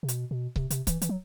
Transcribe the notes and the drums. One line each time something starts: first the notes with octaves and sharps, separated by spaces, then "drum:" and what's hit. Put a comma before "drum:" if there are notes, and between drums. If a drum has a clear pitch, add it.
C3
B2, drum: hi-hat
B2
C3, drum: kick C#1
C3, drum: hi-hat
E3, drum: kick C#1, hi-hat
E3, drum: hi-hat
F#3